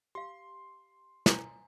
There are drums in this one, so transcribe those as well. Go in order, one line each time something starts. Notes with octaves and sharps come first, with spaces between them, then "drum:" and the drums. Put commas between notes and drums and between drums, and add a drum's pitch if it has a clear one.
G4 F5 C6
G#5 A#5, drum: snare